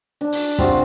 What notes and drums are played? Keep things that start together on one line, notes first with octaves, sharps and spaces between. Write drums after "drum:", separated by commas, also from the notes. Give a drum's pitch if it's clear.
D4
drum: open hi-hat
C3 F4 F#4 F5, drum: kick